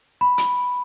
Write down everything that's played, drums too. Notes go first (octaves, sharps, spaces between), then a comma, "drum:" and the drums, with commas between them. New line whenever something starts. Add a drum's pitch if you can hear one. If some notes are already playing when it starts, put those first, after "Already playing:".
B5
drum: hi-hat